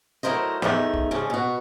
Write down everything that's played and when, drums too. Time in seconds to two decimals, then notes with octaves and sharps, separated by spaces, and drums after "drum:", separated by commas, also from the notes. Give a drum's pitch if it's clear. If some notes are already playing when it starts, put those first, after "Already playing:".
0.23 F#3 A3 E4 A#4 C5 D#5
0.62 E2 A3 D#4 E5, drum: snare
0.94 drum: kick
1.11 G#2 C#3 C#4 D4
1.30 B2 F#4